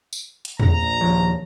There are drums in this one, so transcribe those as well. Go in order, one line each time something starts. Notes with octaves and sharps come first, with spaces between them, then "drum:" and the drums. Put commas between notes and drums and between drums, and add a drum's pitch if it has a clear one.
drum: tambourine
drum: hi-hat
A#1 A#5, drum: tom E2
D#2 F3 C#5